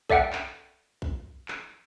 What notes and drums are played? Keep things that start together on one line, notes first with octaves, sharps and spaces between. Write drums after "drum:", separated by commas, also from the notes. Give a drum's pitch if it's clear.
A4 D5 E5 F#5 G5, drum: kick B1
drum: clap
drum: kick B1
drum: clap